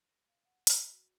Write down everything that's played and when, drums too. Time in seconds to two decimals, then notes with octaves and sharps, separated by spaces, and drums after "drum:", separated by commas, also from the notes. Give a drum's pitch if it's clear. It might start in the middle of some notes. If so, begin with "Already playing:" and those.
0.07 A#6
0.28 F5
0.45 F#5
0.67 F#5, drum: hi-hat
0.88 F#4